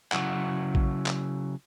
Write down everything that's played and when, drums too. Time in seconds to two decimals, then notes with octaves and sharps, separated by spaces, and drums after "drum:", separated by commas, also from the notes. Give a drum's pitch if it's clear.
0.12 C#3 F#3 E4 F#5, drum: clap
0.75 drum: kick A#1
1.06 drum: clap